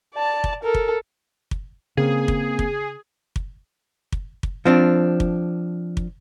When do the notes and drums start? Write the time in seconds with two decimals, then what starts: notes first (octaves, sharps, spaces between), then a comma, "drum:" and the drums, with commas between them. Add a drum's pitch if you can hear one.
0.14 D5 A5
0.44 drum: kick
0.63 A4 A#4
0.75 drum: kick
1.51 drum: kick
1.97 C#3 A#3 C4 G#4
2.28 drum: kick
2.59 drum: kick
3.36 drum: kick
4.12 drum: kick
4.43 drum: kick
4.65 F3 C4 D4
5.20 drum: kick
5.97 drum: kick